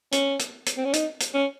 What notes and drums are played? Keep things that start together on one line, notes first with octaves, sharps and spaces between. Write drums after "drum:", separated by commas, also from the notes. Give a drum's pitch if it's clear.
C#4, drum: hi-hat
drum: hi-hat
drum: hi-hat
C4
C#4
D#4, drum: hi-hat
drum: hi-hat
C#4